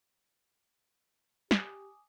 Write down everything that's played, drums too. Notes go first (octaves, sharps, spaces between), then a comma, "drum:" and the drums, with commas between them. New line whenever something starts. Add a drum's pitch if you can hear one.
G4 G#5 D6 D#6, drum: snare